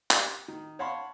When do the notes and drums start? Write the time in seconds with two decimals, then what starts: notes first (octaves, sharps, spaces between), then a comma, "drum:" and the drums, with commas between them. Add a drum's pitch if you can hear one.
0.11 G4, drum: clap
0.48 D#3
0.79 C#5 F5 F#5 A5 B5 C6